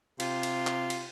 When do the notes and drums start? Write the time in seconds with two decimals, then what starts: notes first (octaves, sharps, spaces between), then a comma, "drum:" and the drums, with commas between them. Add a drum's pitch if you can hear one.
0.20 C3 F4 G4, drum: cymbal
0.43 drum: cymbal
0.67 drum: clap
0.90 drum: cymbal